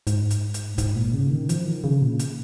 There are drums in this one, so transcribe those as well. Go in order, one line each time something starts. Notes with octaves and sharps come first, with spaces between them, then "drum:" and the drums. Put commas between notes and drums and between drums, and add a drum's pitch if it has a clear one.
G#2, drum: hi-hat
drum: hi-hat
drum: hi-hat
G#2, drum: kick, hi-hat
A#2
C#3
D#3
F3, drum: hi-hat
D#3
C#3
A#2
drum: hi-hat